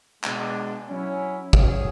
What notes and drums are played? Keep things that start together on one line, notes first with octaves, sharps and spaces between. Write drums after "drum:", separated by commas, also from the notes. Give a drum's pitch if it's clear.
B2 G#3 D4, drum: clap
F#3 C#4 E4
F#3 C#4 G#4, drum: kick